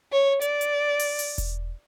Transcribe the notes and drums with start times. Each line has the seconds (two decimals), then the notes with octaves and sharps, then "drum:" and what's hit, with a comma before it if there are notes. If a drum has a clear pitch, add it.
0.12 C#5
0.42 D5, drum: hi-hat
0.61 drum: hi-hat
0.99 drum: open hi-hat
1.19 drum: open hi-hat
1.38 drum: kick E1, hi-hat